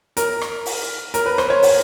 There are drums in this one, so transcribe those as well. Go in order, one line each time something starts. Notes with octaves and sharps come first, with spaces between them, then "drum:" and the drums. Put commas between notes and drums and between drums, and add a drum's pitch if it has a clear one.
A#4, drum: hi-hat
drum: rim click
drum: open hi-hat
A#4, drum: hi-hat
B4
C5, drum: rim click
C#5
drum: open hi-hat